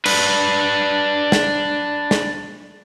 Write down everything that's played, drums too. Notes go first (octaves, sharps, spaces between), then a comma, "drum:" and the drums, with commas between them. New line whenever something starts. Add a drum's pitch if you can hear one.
D4 B4, drum: cymbal
drum: snare
drum: snare